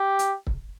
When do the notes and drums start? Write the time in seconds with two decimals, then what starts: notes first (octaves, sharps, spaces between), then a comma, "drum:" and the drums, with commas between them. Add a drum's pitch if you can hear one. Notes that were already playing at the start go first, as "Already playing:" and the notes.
Already playing: G4
0.19 drum: hi-hat
0.47 drum: kick